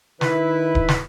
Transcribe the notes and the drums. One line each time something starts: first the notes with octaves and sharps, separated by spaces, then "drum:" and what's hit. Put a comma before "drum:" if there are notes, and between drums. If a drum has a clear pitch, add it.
D#3 E4 B4, drum: snare
drum: kick D1
drum: snare